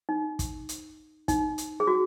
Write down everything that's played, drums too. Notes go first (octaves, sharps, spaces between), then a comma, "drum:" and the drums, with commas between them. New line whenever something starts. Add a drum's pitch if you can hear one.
D#4
drum: kick, hi-hat
drum: hi-hat
D#4, drum: kick, hi-hat
drum: hi-hat
G#4
F#4